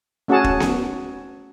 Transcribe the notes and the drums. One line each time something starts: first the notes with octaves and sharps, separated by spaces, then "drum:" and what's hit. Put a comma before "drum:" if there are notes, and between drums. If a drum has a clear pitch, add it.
A3 C#4 F#4 G#4 F#5 A5
drum: kick
drum: snare B3